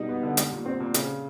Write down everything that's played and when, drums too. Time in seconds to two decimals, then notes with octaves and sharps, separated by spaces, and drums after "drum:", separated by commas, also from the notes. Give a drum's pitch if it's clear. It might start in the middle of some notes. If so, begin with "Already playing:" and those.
Already playing: B2 G3 D#4
0.09 B3
0.23 D3
0.37 G3, drum: hi-hat
0.52 A#2
0.66 C4
0.80 A#2
0.94 C#3, drum: hi-hat